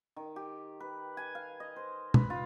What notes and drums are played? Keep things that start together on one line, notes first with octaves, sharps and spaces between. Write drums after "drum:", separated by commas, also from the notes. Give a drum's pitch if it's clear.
D#3
G4
B4
G#5
F5
D#5
C5
B4, drum: tom
F4